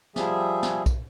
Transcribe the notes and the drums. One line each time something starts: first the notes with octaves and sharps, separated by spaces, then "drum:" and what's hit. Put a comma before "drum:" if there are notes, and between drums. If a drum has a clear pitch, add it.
F3 G3 G#4 E5, drum: snare
drum: snare
drum: kick B1, tambourine